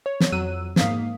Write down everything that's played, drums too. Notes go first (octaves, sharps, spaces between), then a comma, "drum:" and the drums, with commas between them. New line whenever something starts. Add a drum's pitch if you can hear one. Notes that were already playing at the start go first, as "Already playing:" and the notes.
C#5
drum: snare
F2 F#3 E6 F#6 D#7
G#2 A#3 F5 D#6 B6, drum: snare